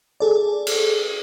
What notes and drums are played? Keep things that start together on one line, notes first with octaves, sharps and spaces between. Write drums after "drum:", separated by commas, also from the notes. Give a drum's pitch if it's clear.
G#4 A4 D5
drum: cymbal